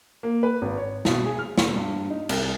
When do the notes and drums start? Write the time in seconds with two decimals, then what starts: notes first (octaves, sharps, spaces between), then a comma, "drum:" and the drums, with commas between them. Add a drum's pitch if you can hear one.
0.23 A#3
0.43 B4
0.62 G#1
0.77 C#5
1.05 B2, drum: snare
1.25 G#4
1.39 F6
1.58 E1, drum: snare
1.76 G2
2.10 D#4
2.29 C2, drum: cymbal